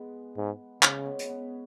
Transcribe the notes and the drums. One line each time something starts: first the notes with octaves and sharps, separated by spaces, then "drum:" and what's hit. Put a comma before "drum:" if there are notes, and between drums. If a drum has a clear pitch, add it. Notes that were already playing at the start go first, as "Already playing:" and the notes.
Already playing: G#3 B3
G#2
C#3 G#3, drum: clap
C#4
B3
drum: hi-hat
B3